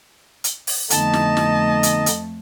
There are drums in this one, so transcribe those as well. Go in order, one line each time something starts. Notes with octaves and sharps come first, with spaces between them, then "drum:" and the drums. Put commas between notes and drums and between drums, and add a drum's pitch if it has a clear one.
drum: hi-hat
drum: open hi-hat
F2 D3 A3 B3 D#4 D#5 A5, drum: hi-hat
drum: snare
drum: snare
drum: hi-hat
drum: hi-hat